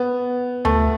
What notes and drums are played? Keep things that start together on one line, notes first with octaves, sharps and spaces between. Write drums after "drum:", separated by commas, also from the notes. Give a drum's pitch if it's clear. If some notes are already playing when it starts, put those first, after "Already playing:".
Already playing: B3
A3, drum: tom D2